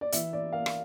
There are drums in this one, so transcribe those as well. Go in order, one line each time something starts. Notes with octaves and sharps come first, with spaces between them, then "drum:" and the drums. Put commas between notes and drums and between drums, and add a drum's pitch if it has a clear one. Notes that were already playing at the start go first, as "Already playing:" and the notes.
D5
E3 E5, drum: hi-hat
D5
A#3 F5
drum: rim click